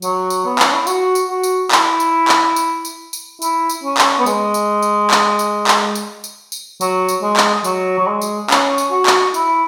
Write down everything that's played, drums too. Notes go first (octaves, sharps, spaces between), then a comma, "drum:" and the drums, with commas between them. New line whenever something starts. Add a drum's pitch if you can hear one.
F#3, drum: tambourine
drum: tambourine
B3
C#4, drum: clap
E4
F#4, drum: tambourine
drum: tambourine
F#4
drum: tambourine
E4, drum: clap
drum: tambourine
drum: clap
drum: tambourine
drum: tambourine
drum: tambourine
E4, drum: tambourine
drum: tambourine
C#4
drum: clap
B3
G#3, drum: tambourine
drum: tambourine
drum: tambourine
drum: clap
drum: tambourine
drum: clap
drum: tambourine
drum: tambourine
drum: tambourine
F#3, drum: tambourine
drum: tambourine
G#3
drum: clap
F#3, drum: tambourine
F#3
G#3
drum: tambourine
C#4, drum: clap
drum: tambourine
F#4
drum: clap
E4, drum: tambourine